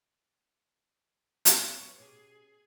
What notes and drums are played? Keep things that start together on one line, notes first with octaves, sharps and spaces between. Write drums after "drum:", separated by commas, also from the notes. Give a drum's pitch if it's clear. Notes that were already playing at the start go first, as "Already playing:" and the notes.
drum: hi-hat
F#3 B3 C#5
B2 C#4 G4 G#4